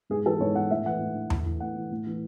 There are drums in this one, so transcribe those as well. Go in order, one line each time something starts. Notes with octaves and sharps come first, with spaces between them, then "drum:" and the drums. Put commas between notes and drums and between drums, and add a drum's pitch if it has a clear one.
G#2 G#4
E3 A4
G#2 C#5
E3 F#5
A2 E5
E3 F#5
A2
E3
A2, drum: tom E2
E3
A2 F#5
E3
A2
E3